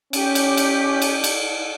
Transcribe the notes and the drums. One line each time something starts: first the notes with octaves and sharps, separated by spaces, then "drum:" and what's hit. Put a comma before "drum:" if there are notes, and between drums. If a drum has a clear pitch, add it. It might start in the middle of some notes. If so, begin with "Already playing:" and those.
C#4 G4, drum: cymbal
drum: cymbal
drum: cymbal
drum: cymbal
drum: cymbal